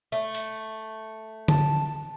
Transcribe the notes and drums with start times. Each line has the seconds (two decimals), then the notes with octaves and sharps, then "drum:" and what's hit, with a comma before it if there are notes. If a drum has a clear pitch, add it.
0.12 A3
0.35 drum: hi-hat
1.48 A5, drum: tom D3